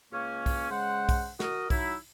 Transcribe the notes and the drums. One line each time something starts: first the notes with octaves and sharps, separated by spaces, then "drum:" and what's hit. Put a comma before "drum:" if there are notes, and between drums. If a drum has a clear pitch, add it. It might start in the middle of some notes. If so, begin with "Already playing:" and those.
C#2 A#3 C#4
drum: kick B1, open hi-hat
C#3 G#3 C5 F#5
drum: kick B1, open hi-hat
F#4 A#4 D#5, drum: snare
F#3 D#4 E4, drum: kick B1, open hi-hat